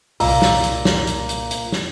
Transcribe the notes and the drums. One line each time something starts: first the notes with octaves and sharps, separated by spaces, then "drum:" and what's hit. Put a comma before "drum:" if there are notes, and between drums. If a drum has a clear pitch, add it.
C2 A#2 F5 A#5 E6, drum: open hi-hat
drum: snare
drum: hi-hat
drum: snare
drum: hi-hat
drum: hi-hat
drum: hi-hat
drum: snare